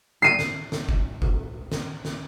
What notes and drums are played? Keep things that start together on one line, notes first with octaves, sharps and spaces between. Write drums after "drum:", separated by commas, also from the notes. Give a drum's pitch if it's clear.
C7 D#7
drum: snare
drum: snare
drum: kick
drum: kick
drum: snare
drum: snare